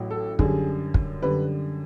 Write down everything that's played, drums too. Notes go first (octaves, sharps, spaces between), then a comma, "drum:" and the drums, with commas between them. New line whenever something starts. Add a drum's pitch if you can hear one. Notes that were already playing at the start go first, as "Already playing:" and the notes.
Already playing: A1 A2 F#3 A3
A4
F#2 D3 G3 G#4, drum: kick
drum: kick
F#2 D3 G3 B4